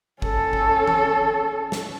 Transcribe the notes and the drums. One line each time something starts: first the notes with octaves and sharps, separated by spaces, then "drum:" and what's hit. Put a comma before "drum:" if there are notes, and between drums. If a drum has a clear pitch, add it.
C#4 A4, drum: kick G#1
drum: kick G#1
drum: tom E3
drum: snare